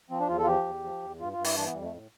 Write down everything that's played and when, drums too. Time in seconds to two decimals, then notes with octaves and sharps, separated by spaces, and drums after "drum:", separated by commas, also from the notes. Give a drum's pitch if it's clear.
0.10 F3 C4
0.20 D4
0.28 E2 F4
0.38 A4
0.43 F4
0.47 F3 G4
0.66 E2
0.84 F3
1.02 E2
1.20 G2 F4
1.33 F4
1.38 G2
1.44 E4, drum: open hi-hat
1.56 E3 D4
1.66 B3
1.75 F2 G3
1.84 A3
1.93 A2